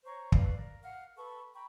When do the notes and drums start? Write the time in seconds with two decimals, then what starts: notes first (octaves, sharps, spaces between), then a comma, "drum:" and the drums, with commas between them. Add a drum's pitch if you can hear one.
0.05 C5 C#5 A#5 C#6
0.32 B4 D5 F5, drum: kick
0.57 A#4
0.83 F5 F#5 F6
1.17 A4 B4 C#6
1.54 G5 A#5 B5 C#6